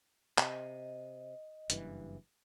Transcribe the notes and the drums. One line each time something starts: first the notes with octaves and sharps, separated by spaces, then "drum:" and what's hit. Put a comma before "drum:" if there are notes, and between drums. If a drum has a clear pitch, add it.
C3 D#5, drum: clap
F#1 G2 E3, drum: hi-hat